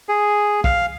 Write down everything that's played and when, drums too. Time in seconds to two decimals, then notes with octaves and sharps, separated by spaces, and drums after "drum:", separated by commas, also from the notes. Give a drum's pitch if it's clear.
0.09 G#4
0.64 F5, drum: kick